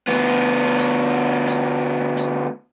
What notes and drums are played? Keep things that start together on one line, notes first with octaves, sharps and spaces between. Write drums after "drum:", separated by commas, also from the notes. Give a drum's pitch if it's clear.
D2 B3, drum: hi-hat
drum: hi-hat
drum: hi-hat
drum: hi-hat